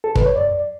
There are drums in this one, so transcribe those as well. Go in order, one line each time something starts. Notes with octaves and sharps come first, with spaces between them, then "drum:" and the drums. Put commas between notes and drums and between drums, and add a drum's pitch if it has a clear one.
A4
B4, drum: kick
C#5
F#2 D5